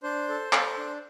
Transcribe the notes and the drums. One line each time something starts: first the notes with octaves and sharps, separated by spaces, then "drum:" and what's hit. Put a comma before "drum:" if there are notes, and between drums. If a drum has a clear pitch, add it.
D4 C5
A4
A4, drum: clap
D4